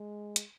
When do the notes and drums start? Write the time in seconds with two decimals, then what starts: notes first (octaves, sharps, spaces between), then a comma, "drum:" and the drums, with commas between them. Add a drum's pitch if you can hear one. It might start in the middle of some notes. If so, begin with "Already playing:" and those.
Already playing: G#3
0.36 drum: hi-hat